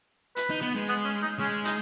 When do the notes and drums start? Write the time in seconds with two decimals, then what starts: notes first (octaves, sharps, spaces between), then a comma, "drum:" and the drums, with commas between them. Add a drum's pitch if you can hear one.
0.36 B4, drum: hi-hat
0.50 D#4
0.62 B3
0.75 G#3
0.89 B3
1.05 C#4
1.22 D#4
1.39 G#3 C#4
1.65 D#4, drum: hi-hat